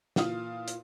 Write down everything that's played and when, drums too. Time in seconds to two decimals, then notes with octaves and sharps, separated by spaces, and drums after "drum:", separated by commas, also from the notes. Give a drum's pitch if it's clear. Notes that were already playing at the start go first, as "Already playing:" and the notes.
0.16 A#2 E3 F5 D#6, drum: snare
0.68 drum: hi-hat